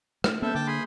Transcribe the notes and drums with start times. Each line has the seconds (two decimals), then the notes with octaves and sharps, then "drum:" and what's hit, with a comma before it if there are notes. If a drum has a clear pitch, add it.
0.24 A3, drum: rim click
0.42 A#3 B3 C#4 A4 E5 G6
0.55 D3 G5 A5 D6
0.67 G#4 B5 C6